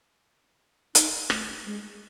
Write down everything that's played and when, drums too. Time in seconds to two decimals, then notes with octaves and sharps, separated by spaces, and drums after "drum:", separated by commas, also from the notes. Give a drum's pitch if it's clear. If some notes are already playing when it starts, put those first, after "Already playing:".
0.95 D#4, drum: hi-hat
1.30 A3, drum: rim click
1.65 G#3